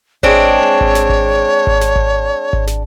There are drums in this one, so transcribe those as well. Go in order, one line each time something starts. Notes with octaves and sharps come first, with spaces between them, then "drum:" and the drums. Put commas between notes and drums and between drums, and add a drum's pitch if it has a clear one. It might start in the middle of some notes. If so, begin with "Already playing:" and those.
G#3 C4 D4 C#5, drum: kick G#1
drum: kick G#1
drum: snare
drum: kick G#1
drum: kick G#1
drum: snare
drum: kick G#1
drum: kick G#1
drum: snare